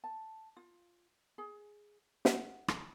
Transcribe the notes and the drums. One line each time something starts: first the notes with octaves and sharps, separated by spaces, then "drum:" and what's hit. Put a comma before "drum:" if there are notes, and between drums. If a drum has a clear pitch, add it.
A5
F4
G#4
F#5, drum: snare
drum: rim click